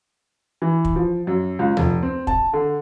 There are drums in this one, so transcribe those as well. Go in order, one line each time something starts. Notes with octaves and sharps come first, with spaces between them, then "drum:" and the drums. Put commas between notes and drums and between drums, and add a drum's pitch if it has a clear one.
E3
drum: kick
F3
F#2
C#2
F1, drum: tom D2
C4
A5, drum: kick
D3